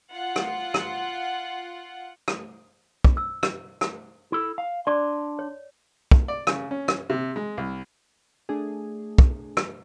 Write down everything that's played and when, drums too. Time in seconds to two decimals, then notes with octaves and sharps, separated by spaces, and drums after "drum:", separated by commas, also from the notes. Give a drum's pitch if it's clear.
0.14 F4 F#5
0.36 drum: rim click
0.74 drum: rim click
2.28 drum: rim click
3.04 drum: kick
3.17 E6
3.43 drum: rim click
3.81 drum: rim click
4.32 E4 A4
4.58 F5
4.87 D4 D5 C6
5.39 C#5
6.11 drum: kick
6.28 D5
6.47 C#3, drum: rim click
6.71 C#4
6.88 drum: rim click
7.10 C3
7.36 G#3
7.57 C2
8.49 A3 D4 G#4
9.18 drum: kick
9.57 drum: rim click